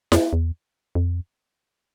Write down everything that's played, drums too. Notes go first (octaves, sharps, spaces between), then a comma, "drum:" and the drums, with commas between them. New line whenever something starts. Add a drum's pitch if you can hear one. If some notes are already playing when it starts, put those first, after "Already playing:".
F2, drum: snare E4
E2
F2